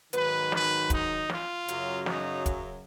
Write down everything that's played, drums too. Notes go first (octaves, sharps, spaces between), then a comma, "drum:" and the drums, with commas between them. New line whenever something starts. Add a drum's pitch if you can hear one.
G#2 D#3 F#3 B4, drum: hi-hat
B4, drum: snare
D#4, drum: kick, hi-hat
F4, drum: snare
F#2 C#3 F#3, drum: hi-hat
D#4, drum: snare
drum: kick, hi-hat